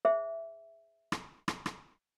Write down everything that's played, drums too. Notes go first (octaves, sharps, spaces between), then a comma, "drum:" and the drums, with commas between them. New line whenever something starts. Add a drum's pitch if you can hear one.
G#4 C5 E5
drum: rim click
drum: rim click
drum: rim click